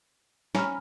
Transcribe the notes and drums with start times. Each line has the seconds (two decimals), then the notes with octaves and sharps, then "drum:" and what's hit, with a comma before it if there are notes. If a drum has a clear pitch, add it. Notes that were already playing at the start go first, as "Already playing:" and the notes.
0.55 C#4 A#5 B5 F6, drum: snare